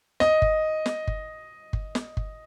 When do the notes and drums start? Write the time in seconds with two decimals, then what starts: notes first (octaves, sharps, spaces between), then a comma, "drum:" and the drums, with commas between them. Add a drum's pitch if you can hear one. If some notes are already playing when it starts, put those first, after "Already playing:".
0.20 D#5, drum: snare
0.42 drum: kick G1
0.86 drum: snare
1.07 drum: kick G1
1.73 drum: kick G1
1.95 drum: snare
2.17 drum: kick G1